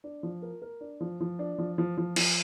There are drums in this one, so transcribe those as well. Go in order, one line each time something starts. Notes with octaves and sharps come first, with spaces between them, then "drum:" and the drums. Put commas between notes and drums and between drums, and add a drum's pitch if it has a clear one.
D4
F3
A#4
A#4
D4
F3
F3
D4
F3
F3
F3
F3, drum: cymbal